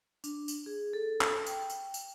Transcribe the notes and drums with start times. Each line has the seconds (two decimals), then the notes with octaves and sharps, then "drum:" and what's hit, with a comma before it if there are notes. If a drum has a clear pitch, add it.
0.24 D4, drum: tambourine
0.48 drum: tambourine
0.66 G#4
0.93 A4
1.21 drum: clap
1.46 G5, drum: tambourine
1.70 drum: tambourine
1.94 drum: tambourine